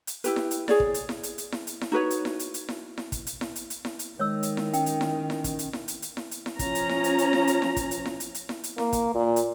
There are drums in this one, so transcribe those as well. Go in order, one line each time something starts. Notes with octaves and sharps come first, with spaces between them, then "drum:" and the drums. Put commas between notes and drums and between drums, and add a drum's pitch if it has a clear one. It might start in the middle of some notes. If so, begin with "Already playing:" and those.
drum: hi-hat
E4 G4 B4, drum: hi-hat
drum: snare E4
drum: hi-hat
G#4 C#5 D5, drum: snare E4
drum: kick
drum: hi-hat
drum: snare E4
drum: hi-hat
drum: hi-hat
drum: snare E4
drum: hi-hat
drum: snare E4
D#4 F#4 B4 C#5
drum: hi-hat
drum: snare E4
drum: hi-hat
drum: hi-hat
drum: snare E4
drum: snare E4
drum: kick, hi-hat
drum: hi-hat
drum: snare E4
drum: hi-hat
drum: hi-hat
drum: snare E4
drum: hi-hat
D#3 G#3 C#5 E6
drum: hi-hat
drum: snare E4
C#4 G5, drum: hi-hat
drum: hi-hat
drum: snare E4
drum: snare E4
drum: kick, hi-hat
drum: hi-hat
drum: snare E4
drum: hi-hat
drum: hi-hat
drum: snare E4
drum: hi-hat
drum: snare E4
F3 C#4 A#5, drum: kick, hi-hat
drum: hi-hat
drum: snare E4
drum: hi-hat
drum: hi-hat
drum: snare E4
drum: hi-hat
drum: snare E4
drum: kick, hi-hat
drum: hi-hat
drum: snare E4
drum: hi-hat
drum: hi-hat
drum: snare E4
drum: hi-hat
A#3, drum: snare E4
drum: kick, hi-hat
A#2
drum: hi-hat